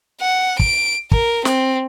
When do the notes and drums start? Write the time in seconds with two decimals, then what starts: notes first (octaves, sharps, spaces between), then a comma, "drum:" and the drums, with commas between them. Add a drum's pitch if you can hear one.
0.21 F#5
0.59 D7, drum: kick
1.11 A#4, drum: kick
1.45 C4, drum: snare